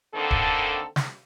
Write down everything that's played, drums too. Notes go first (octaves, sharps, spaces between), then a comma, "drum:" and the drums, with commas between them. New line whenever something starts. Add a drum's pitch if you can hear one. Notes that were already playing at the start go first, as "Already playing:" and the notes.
D3 D#3 A#3 C4 A4
drum: kick
drum: snare